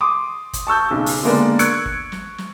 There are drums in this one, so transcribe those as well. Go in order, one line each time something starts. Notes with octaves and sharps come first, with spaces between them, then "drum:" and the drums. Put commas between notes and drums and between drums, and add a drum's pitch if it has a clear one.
C6 D6 D#6
drum: kick, hi-hat
A5 C#6 E6 G6
B1 C#3
drum: open hi-hat
D3 G#3 A#3 B3 D4
C#6 E6 F#6 G#6 C#7 D7, drum: hi-hat
drum: kick
drum: snare
drum: snare